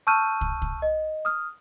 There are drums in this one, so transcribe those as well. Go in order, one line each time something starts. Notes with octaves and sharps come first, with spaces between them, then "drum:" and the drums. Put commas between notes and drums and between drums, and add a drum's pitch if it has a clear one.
A5 C#6 E6 F6 G6 D#7
drum: kick
drum: kick
D#5
D#6 F6